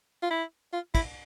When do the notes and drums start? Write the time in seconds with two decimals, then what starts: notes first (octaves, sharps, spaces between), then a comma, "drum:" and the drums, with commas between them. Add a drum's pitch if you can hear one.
0.23 F4
0.31 E4
0.73 F4
0.95 E4, drum: kick, cymbal